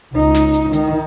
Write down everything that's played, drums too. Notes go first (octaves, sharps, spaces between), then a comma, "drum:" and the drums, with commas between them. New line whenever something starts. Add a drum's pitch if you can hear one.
C#2 D#4
drum: snare
drum: hi-hat
D#3 D#4, drum: hi-hat